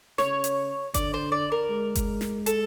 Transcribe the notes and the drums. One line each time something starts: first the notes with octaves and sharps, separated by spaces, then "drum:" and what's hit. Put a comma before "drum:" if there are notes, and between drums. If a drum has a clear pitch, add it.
C#3 C#5, drum: snare
drum: hi-hat
D3 D5, drum: kick G1, hi-hat
C5
D5
A#4
G#3
drum: kick G1, hi-hat
drum: snare
A4, drum: hi-hat